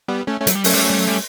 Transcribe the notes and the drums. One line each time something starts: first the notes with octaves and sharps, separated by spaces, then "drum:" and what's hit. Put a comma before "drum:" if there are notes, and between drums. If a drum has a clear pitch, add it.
G3 B3
A3 C#4
A3 C#4
F#3, drum: hi-hat
G3
F#3 A3 C#4, drum: open hi-hat
G3
F#3
G3
F#3
G3